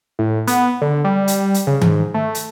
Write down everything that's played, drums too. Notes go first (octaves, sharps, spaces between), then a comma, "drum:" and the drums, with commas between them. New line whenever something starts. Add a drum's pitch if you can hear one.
A2
B3, drum: hi-hat
D3
G3
drum: hi-hat
drum: hi-hat
C#3
G#2, drum: tom D#3
A3
drum: hi-hat